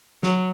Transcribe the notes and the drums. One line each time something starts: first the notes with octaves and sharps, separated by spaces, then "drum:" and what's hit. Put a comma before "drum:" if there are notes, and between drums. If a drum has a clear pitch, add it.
F#3, drum: snare